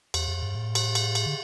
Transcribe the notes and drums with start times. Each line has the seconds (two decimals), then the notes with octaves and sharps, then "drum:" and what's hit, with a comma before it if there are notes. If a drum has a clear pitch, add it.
0.14 E2, drum: cymbal
0.28 F2
0.42 G2
0.55 A2
0.75 drum: cymbal
0.95 drum: cymbal
1.15 drum: cymbal
1.26 D3